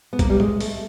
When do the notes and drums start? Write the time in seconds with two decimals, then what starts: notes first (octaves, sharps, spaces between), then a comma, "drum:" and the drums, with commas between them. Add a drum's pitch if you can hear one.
0.13 B3
0.19 A#3, drum: kick C2, hi-hat
0.30 G3
0.40 G#3, drum: tom A2
0.61 A3, drum: open hi-hat